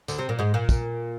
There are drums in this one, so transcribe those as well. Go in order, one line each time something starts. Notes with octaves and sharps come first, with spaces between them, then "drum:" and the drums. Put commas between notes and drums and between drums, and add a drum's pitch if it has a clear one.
D2 D3, drum: tambourine
C3 C4
A#2 A#3
G#2 G#3
A#2 A#3
drum: kick, tambourine